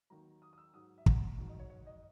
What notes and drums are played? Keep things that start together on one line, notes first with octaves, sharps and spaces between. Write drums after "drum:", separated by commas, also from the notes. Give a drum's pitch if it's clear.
D#2 D#3 F#3 A#5
D#6
D#6
E6
G#2 F#3 D#6
E5
F#5, drum: kick
G#2 D#3 F#3
D#5
C#5
C#5
D#5